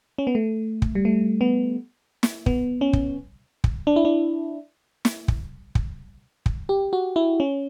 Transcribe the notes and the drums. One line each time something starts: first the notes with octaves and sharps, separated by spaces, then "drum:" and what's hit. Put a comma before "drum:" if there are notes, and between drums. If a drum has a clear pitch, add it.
C#4
B3
A3
drum: kick
G3
A3
B3
drum: snare
B3, drum: kick
C#4
drum: kick
drum: kick
D4
E4
D4
drum: snare
drum: kick
drum: kick
drum: kick
G4
F#4
E4
C#4